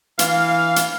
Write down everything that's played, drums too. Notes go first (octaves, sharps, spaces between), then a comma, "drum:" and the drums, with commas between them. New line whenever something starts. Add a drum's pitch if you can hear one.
E3 F5, drum: hi-hat
drum: hi-hat